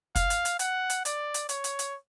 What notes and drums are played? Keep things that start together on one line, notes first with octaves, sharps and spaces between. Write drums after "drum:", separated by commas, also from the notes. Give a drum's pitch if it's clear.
F5, drum: kick, hi-hat
drum: hi-hat
drum: hi-hat
F#5, drum: hi-hat
drum: hi-hat
D5, drum: hi-hat
drum: hi-hat
C#5, drum: hi-hat
drum: hi-hat
drum: hi-hat